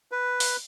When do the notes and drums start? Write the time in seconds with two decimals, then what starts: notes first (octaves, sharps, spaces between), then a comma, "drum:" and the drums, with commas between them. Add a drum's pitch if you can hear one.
0.12 B4
0.40 drum: open hi-hat